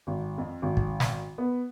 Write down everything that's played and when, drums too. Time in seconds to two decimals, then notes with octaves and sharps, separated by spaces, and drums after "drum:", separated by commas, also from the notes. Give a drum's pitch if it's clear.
0.07 G#1
0.38 F2
0.62 G#1
0.77 drum: kick
1.00 drum: snare
1.38 B3